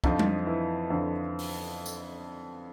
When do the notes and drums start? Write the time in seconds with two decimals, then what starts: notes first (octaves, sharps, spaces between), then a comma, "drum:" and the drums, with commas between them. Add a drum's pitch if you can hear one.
0.04 F2 D3 F3 D#4, drum: kick
0.19 drum: tom G3
0.47 E3 E4
0.90 F2 D3 F3
1.39 drum: open hi-hat
1.86 drum: tambourine